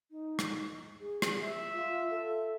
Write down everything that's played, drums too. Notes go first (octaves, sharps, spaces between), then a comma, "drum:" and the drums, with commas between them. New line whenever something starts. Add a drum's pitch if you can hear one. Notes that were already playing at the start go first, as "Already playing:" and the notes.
D#4
drum: rim click
G#4
drum: rim click
E5
F4
A4